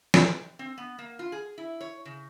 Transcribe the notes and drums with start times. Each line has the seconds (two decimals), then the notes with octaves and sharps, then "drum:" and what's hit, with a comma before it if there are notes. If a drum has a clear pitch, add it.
0.14 G5, drum: snare
0.59 C4
0.78 B3
0.98 A#3
1.19 F4
1.32 G#4
1.58 E4
1.81 C#5
2.05 C#3